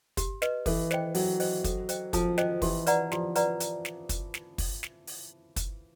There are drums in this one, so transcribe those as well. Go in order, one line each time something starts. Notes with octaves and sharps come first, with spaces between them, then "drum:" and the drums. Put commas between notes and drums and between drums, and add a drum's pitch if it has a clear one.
G4, drum: kick, hi-hat
B4 D#5, drum: snare
E3 A4, drum: kick, open hi-hat
C5 D#5 G5, drum: snare
F#3 A4, drum: open hi-hat
C5 D#5 G5, drum: open hi-hat
A4, drum: kick, hi-hat
C5 D#5 G5, drum: hi-hat
F3 A4, drum: kick, hi-hat
C5 D#5 G5, drum: snare
E3 G4, drum: kick, open hi-hat
B4 D5 F#5 A#5, drum: hi-hat
F3 G4, drum: snare
B4 D5 F#5 A#5, drum: hi-hat
drum: hi-hat
drum: snare
drum: kick, hi-hat
drum: snare
drum: kick, open hi-hat
drum: snare
drum: open hi-hat
drum: kick, hi-hat